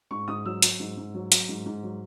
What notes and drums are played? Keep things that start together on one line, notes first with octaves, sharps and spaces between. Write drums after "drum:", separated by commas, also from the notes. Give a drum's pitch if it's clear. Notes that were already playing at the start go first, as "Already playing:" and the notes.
G#2 C#6
G#2 D#6
F#3 E6
F#3, drum: hi-hat
G#2
G#2
F#3
F#3, drum: hi-hat
G#2
G#2
F#3